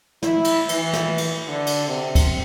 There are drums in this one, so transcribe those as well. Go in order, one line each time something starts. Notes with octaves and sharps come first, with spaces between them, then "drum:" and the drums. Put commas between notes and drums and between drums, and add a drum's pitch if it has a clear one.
E4, drum: snare
drum: cymbal
E3, drum: cymbal
drum: snare
drum: cymbal
D3
drum: cymbal
C3
drum: kick, cymbal